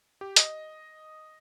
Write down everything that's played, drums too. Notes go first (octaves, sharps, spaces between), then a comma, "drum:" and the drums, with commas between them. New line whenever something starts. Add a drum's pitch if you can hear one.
G4
D#5, drum: hi-hat